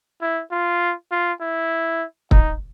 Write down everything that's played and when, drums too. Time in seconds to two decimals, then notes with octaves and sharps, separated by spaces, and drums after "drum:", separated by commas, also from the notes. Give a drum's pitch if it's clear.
0.21 E4
0.51 F4
1.11 F4
1.41 E4
2.31 D#4, drum: kick